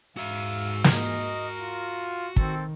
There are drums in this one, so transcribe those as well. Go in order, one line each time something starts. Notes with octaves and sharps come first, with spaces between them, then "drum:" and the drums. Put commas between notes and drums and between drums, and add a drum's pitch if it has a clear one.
G#2 F#4 E5 F5 E6
A#4 D#5, drum: snare
F4
D#3 C4 A4, drum: kick